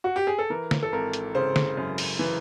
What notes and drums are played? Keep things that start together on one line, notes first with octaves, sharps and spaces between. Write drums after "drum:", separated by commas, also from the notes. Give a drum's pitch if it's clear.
F#4
G4
G#4
A4
E3 A#4
drum: snare D3
A4
G#1 A#4
drum: hi-hat
C#3 C5
drum: snare D3
F#2
drum: open hi-hat
E3